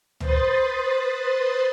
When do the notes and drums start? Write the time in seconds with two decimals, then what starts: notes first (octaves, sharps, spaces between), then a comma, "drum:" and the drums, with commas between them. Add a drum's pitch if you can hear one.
0.20 B4 C5 C6 D#6 A6, drum: tom C#2